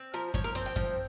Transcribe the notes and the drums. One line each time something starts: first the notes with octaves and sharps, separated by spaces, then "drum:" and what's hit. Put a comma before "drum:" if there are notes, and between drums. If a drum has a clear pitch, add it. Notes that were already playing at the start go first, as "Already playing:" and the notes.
Already playing: C4
F3 A#4
F3 C#5, drum: kick F#2
A#4
C4 C5
G5
F3, drum: kick F#2